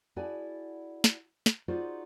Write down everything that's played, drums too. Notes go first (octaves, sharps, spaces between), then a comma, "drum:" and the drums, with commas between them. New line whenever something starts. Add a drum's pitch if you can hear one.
E4 F#4 G#4 D5 G#5 A5
drum: snare
drum: snare
D#4 F4 F#4 G#4 C5 D5